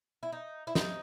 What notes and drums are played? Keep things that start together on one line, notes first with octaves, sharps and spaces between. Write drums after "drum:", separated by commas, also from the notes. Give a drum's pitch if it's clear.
E4
D#4
E4
D#4, drum: snare